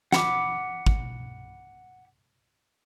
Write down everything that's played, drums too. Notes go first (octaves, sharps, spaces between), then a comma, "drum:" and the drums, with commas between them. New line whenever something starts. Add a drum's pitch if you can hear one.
F#5 B5 D6, drum: snare
drum: kick